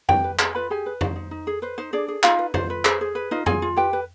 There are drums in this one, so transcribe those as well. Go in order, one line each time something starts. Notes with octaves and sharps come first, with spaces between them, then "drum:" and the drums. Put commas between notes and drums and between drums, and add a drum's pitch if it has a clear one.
G4 B4 G5, drum: tom F2
B4
G#4 B4 G#5, drum: clap
F4 B4 B5
G4 G#4 G#5
B4
D#4 C5, drum: tom F2
D#4
D#4
G#4
B4 C5
D#4 C5
D4 G#4 D5
G#4
D#4 F4 F5, drum: clap
B4
F4 C5, drum: tom F2
B4
G#4 C5, drum: clap
G#4
B4
D#4 F4 D#5
F4 G#4 G#5, drum: tom F2
F4
G4 B4 G5
B4